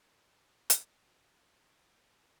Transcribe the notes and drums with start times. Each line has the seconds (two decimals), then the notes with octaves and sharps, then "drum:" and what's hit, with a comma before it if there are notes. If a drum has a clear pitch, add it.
0.07 C#3
0.27 F2
0.70 drum: hi-hat
0.92 F#2
1.28 D#2
1.48 D#3
1.89 G#1